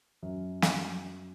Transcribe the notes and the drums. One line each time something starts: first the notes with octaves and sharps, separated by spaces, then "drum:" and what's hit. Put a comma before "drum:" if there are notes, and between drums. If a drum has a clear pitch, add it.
F#2
drum: snare